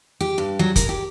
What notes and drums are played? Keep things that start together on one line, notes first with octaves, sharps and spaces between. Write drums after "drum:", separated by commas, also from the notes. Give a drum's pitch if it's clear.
G4
G2
F#3
A#4, drum: kick, hi-hat
G4